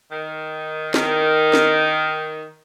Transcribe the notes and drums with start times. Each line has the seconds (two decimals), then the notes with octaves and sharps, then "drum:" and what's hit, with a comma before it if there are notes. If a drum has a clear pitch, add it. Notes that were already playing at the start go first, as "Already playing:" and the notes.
0.11 D#3
0.94 D#3, drum: snare
1.53 drum: snare